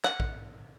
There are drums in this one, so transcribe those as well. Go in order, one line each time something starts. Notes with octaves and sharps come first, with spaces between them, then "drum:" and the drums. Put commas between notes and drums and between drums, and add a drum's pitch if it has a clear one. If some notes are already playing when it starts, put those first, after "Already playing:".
F#5, drum: clap
drum: kick